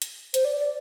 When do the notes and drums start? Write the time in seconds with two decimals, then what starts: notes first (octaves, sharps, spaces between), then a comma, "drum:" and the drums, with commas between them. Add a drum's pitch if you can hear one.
0.02 drum: hi-hat
0.34 C5, drum: hi-hat
0.45 D5
0.57 D5